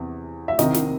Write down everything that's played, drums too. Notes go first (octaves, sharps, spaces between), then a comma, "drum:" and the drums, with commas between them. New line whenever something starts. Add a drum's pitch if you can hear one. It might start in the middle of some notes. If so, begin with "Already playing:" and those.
Already playing: E2 C3
E5
C2 C3 D#3 D#5, drum: snare
drum: snare